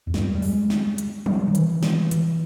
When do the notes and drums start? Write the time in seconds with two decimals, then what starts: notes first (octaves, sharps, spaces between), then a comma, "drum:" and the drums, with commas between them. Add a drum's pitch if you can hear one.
0.07 E2
0.14 G2, drum: snare
0.35 G3
0.42 G#3, drum: open hi-hat
0.70 drum: snare
0.98 drum: hi-hat
1.26 G3, drum: tom E3
1.48 D#3
1.55 E3, drum: hi-hat
1.83 drum: snare
2.11 E3, drum: hi-hat